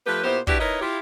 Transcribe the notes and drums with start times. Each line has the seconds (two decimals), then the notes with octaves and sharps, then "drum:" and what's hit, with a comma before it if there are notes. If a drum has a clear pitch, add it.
0.06 F3 A3 G4 B4
0.24 A#2 B3 E4 G4 C5
0.47 D4 E4 F#4 G4 B4 D5, drum: kick
0.59 D#4 E4 A#4 B4 C#5 D#5
0.81 E4 F4 G4